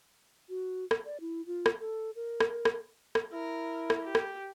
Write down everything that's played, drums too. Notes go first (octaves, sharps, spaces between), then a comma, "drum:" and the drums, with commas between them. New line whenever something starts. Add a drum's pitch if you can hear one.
F#4
drum: rim click
D5
E4
F4
drum: rim click
A4
A#4
drum: rim click
drum: rim click
drum: rim click
E4 A#4
drum: rim click
G4
drum: rim click